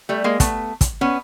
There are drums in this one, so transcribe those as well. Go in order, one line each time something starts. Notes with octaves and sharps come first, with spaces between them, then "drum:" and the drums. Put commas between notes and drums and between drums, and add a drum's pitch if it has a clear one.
G3 A3
G#3 A#3
A3 B3, drum: kick, hi-hat
drum: kick, hi-hat
B3 C#4